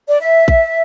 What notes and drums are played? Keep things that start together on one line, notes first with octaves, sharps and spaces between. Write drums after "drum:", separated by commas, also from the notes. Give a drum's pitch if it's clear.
D5
E5
drum: kick A#1